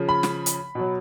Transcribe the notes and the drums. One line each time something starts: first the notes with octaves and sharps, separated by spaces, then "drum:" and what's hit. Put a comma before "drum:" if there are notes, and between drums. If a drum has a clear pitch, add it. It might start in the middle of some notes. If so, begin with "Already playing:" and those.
Already playing: C#3 F3
B5
drum: snare
drum: hi-hat
B2 F#3